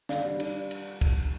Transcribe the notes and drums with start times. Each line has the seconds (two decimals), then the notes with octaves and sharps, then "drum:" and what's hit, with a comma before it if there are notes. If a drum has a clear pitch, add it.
0.09 D3 D5 F5, drum: snare
0.25 G3
0.40 D4, drum: cymbal
0.71 drum: cymbal
1.01 drum: kick, cymbal